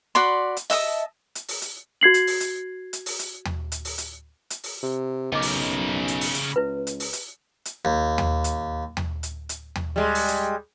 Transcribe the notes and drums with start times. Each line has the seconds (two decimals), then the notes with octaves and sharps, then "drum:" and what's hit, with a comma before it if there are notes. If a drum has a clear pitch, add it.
0.15 F#4 D5 B5 C6
0.57 drum: hi-hat
0.70 D#5 E5 A5 D#6, drum: open hi-hat
1.35 drum: hi-hat
1.48 drum: open hi-hat
1.62 drum: hi-hat
2.01 F#4 G#6 C7 F#7
2.14 drum: hi-hat
2.27 drum: open hi-hat
2.40 drum: hi-hat
2.93 drum: hi-hat
3.06 drum: open hi-hat
3.19 drum: hi-hat
3.45 drum: tom D#2
3.72 drum: hi-hat
3.85 drum: open hi-hat
3.98 drum: hi-hat
4.50 drum: hi-hat
4.64 drum: open hi-hat
4.83 C3
5.32 B1 C#3 A#4 D#5 D6
5.42 drum: open hi-hat
6.08 drum: hi-hat
6.21 drum: open hi-hat
6.34 drum: hi-hat
6.56 C#2 E4 B4
6.87 drum: hi-hat
7.00 drum: open hi-hat
7.13 drum: hi-hat
7.65 drum: hi-hat
7.85 D#2
8.18 drum: tom D#2
8.44 drum: hi-hat
8.97 drum: tom D#2
9.23 drum: hi-hat
9.49 drum: hi-hat
9.75 drum: tom D#2
9.96 G3 G#3
10.15 drum: open hi-hat
10.28 drum: hi-hat